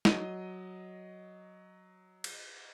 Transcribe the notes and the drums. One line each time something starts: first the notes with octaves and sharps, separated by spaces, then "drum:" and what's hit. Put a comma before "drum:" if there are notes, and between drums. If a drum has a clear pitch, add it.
F#3 D#5 D#7, drum: snare
drum: cymbal